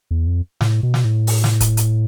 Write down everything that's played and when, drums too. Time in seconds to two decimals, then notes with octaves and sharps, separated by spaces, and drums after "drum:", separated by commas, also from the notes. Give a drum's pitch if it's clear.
0.11 E2
0.27 F2
0.61 A2, drum: snare
0.83 B2
0.94 drum: snare
1.05 A2
1.27 drum: open hi-hat
1.44 drum: snare
1.60 drum: kick C#1, hi-hat
1.77 drum: hi-hat